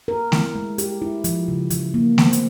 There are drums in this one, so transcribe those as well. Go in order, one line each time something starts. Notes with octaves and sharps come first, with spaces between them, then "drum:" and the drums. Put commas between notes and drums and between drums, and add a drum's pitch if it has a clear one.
A#4
E4, drum: snare A3
G#3
G4, drum: hi-hat
E4
F3, drum: hi-hat
C#3
E3, drum: hi-hat
A#3
C4, drum: snare A3
drum: hi-hat